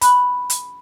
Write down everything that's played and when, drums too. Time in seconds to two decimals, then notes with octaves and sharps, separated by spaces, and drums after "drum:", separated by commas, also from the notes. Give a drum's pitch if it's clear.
0.01 B5 F#6, drum: hi-hat
0.50 drum: hi-hat